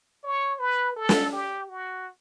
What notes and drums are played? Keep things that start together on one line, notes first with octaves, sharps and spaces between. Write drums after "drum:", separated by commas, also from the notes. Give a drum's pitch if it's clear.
C#5
B4
A4
drum: snare
G4
F#4